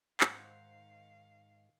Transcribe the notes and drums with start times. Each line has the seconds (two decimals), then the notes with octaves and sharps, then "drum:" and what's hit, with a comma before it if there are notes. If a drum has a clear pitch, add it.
0.20 G#2 D#3 C5 F5 F#5, drum: clap